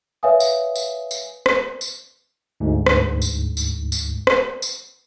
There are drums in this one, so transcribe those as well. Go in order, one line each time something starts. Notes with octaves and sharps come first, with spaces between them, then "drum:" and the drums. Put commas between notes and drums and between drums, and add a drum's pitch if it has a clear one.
B4 C#5 E5 F5 G#5 D#6
drum: tambourine
drum: tambourine
drum: tambourine
drum: rim click
drum: tambourine
D2 G#2
drum: rim click
drum: tambourine
drum: tambourine
drum: tambourine
drum: rim click
drum: tambourine